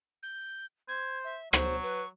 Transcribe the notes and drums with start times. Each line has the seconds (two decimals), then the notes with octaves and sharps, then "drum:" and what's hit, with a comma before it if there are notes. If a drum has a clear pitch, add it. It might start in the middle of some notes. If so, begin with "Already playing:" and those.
0.23 G6
0.88 C5 G#6
1.24 E5
1.53 F#3 C5 C#6, drum: rim click
1.82 B4